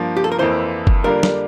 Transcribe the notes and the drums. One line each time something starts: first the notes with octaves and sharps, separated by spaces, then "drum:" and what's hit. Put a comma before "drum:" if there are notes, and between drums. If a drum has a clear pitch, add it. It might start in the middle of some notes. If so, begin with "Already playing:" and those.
Already playing: G2 F3 A#3
G4
A4
A#4
F2 E3 A#3 E4 C5
drum: kick F#1
D3 G3 A#3 D4 F4 A#4
drum: snare